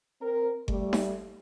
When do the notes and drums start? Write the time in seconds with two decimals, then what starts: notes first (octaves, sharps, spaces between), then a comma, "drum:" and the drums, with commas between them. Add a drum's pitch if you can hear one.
0.21 C4 A#4
0.68 G3 A3, drum: kick G1
0.93 drum: snare D#4